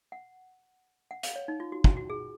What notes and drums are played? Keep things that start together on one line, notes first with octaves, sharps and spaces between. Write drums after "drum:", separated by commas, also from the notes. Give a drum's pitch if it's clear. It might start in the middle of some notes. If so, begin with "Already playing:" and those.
F#5
F#5
F5, drum: hi-hat
C#5
D#4
F4
F#4
F#4, drum: kick
F#4
G#4